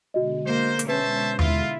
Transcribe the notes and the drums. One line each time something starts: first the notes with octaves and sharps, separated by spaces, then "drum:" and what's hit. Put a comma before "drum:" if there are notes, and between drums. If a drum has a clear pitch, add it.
B2 D3 G#3 F#4 D#5
A#3 C5
drum: hi-hat
C#4 B4 C5 E5 A5
E4 F4, drum: tom D#2